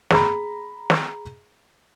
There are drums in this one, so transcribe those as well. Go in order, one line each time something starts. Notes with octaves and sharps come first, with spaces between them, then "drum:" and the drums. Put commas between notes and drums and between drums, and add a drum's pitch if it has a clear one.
G#4 A#5 B5, drum: snare
drum: snare